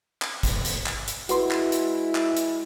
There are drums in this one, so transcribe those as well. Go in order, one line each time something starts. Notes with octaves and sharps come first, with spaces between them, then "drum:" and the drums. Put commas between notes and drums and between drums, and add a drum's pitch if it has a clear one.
drum: clap
drum: kick, hi-hat
drum: hi-hat
drum: clap
drum: hi-hat
G#3 E4 F#4 B4 C6, drum: hi-hat
drum: clap
drum: hi-hat
drum: clap
drum: hi-hat